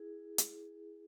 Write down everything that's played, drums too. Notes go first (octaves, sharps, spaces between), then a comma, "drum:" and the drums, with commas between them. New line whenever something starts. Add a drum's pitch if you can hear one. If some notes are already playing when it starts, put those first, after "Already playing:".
Already playing: E4 G#4
drum: hi-hat